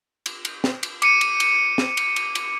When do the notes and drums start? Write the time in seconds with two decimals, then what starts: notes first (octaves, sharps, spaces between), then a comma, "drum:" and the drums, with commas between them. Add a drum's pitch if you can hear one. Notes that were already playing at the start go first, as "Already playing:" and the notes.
0.26 drum: cymbal
0.45 drum: cymbal
0.64 drum: snare
0.83 drum: cymbal
1.02 D6 C#7 D#7, drum: cymbal
1.21 drum: cymbal
1.40 drum: cymbal
1.78 drum: snare
1.97 drum: cymbal
2.16 drum: cymbal
2.35 drum: cymbal